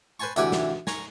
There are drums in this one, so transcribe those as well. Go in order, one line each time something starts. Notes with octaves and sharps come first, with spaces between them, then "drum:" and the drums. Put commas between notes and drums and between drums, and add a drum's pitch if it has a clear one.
B4 C5 G#5 A5 C#6
D2 C3 E3 G4 F#5 G#5, drum: hi-hat
drum: snare
G#5 A#5 C#6, drum: snare